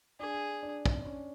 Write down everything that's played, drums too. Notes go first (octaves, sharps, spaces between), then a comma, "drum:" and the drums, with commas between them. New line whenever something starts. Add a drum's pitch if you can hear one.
D4 G#4
D4
drum: kick
C#4